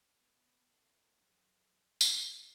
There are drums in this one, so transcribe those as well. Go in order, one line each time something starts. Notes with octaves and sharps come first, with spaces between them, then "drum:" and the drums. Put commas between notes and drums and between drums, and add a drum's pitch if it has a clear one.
B3
A#3 C4 D4 E4 A4
F2 F#3 G#4 A4 C5 G5
F#3 A3 G4, drum: tambourine